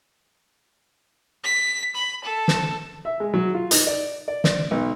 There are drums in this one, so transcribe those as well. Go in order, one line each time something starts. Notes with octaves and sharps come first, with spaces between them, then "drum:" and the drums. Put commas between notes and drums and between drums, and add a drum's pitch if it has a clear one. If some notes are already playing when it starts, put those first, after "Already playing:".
B6
B5
A4
drum: snare
E5
G#3
F#3
F4
D#4, drum: hi-hat
D5
D5
D5, drum: snare
B1